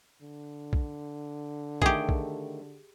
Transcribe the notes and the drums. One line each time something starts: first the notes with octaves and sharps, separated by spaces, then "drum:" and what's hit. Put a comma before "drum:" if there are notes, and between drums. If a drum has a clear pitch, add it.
D3
drum: kick A#1
D#3 A3 G4 G#4, drum: kick A#1
drum: kick A#1